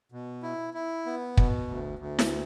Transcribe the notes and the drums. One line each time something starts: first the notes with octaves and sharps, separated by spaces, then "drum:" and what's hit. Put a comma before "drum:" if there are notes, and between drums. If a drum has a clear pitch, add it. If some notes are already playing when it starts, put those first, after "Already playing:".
B2
E4
E4
B3
B2, drum: kick
D2
D2
drum: snare E4